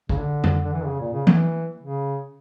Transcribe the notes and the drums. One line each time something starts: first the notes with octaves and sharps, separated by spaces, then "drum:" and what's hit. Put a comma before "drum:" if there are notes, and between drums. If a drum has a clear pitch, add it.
C#3, drum: kick
D3
drum: tom F2
D3
E3
D3
C#3
A#2
C#3
E3, drum: tom E3
C#3